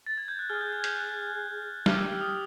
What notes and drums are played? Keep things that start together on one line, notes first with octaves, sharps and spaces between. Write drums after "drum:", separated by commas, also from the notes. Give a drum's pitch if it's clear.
A6
G#6
G6
F#6
G#4 F6
G6
G#6
G6, drum: hi-hat
F#6
G4 F6, drum: snare G3
E6
D#6